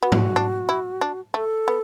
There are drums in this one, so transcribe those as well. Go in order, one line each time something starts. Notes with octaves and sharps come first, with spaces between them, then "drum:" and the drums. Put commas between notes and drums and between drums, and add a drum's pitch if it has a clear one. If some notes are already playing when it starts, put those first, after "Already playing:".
B3 F#4
drum: tom G#2
D4
E4
D4
A3 A4
B3